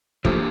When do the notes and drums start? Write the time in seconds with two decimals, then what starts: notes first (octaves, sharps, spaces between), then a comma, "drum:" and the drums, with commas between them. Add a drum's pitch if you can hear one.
0.25 E3 F3 A3 A#3 D4 G4, drum: kick